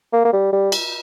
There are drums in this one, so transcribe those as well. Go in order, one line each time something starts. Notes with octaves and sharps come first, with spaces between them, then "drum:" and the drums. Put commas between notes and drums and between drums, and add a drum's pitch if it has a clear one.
A#3
A#3
G3
G3
drum: cymbal